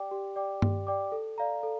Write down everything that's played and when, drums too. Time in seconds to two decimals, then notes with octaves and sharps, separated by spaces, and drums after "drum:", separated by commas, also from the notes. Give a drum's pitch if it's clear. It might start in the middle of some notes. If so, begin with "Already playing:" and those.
Already playing: G4 D5 G5 D6
0.11 G4
0.36 D5 G5 D6
0.62 G4, drum: tom G2
0.87 D5 G5 D6
1.12 A4
1.38 D5 F5 A#5
1.63 A4